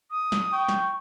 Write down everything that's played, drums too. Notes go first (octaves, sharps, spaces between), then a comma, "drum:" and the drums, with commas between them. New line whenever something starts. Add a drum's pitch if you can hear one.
D#6
drum: snare
G5 C#6
drum: snare